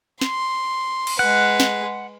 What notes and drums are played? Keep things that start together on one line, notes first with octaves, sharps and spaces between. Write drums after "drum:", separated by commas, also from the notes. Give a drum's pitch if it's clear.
C6, drum: snare
drum: cymbal
G#3 B4 F#5
drum: snare